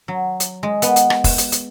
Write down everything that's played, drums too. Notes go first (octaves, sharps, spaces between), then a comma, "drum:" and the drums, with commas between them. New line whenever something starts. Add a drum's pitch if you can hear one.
F#3
drum: hi-hat
G#3
B3, drum: hi-hat
drum: hi-hat
drum: rim click
drum: kick, open hi-hat
drum: hi-hat
drum: hi-hat